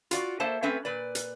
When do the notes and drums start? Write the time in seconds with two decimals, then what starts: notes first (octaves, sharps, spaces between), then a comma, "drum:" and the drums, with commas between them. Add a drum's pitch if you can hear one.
0.11 F4 F#4 D5, drum: hi-hat
0.40 A#3 A4 C5 D5 E5 A5
0.63 A3 C4 C#4 B4 E5
0.85 A#2 B4 D5
1.15 drum: hi-hat